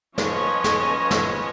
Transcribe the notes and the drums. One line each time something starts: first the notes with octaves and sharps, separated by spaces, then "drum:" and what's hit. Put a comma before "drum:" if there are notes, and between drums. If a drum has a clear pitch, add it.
F3 C#4 B4 C#5 D#5, drum: snare
drum: snare
drum: snare